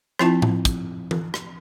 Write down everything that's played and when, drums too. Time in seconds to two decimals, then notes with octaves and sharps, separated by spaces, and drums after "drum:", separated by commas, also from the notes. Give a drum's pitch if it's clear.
0.19 F3 C4 E4 F4 A5, drum: rim click
0.42 drum: tom A2
0.65 drum: kick, hi-hat
1.11 drum: tom E3
1.34 drum: rim click